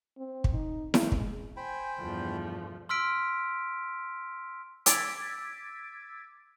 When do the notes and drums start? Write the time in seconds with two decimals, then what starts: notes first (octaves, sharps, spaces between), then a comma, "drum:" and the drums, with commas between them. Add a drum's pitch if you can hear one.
0.18 C4
0.44 drum: kick
0.53 D#4
0.94 G#3, drum: snare E4
1.12 drum: kick
1.57 C5 G5 G#5 B5
2.00 E2 G2 B2 F3 A3
2.89 C6 E6 F6 B6 D7
4.86 D6 E6 G#6 A6 B6 D7, drum: hi-hat